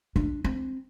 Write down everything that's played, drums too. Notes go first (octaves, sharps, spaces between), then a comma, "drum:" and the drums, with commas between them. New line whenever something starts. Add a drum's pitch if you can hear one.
D4, drum: kick
C4